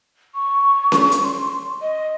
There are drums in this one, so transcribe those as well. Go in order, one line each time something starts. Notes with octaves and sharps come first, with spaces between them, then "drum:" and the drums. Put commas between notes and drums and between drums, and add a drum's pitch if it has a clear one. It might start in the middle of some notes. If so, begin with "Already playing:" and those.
C#6
drum: snare C#4
C#6, drum: hi-hat
C6
D#5